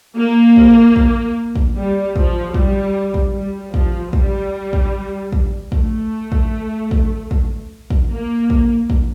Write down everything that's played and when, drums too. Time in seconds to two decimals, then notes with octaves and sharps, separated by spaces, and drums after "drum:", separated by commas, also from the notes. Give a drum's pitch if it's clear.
0.17 A#3
0.56 drum: kick
0.96 drum: kick
1.55 drum: kick
1.76 G3
2.16 F3, drum: kick
2.54 G3, drum: kick
3.14 drum: kick
3.33 G3
3.74 F3, drum: kick
4.13 G3, drum: kick
4.73 drum: kick
5.32 drum: kick
5.72 A3, drum: kick
6.32 drum: kick
6.91 drum: kick
7.31 drum: kick
7.90 drum: kick
8.11 A#3
8.50 drum: kick
8.90 drum: kick